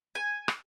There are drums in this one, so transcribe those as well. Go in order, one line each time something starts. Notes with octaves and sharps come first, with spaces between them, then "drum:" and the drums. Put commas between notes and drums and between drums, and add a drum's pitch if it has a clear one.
G#5
drum: rim click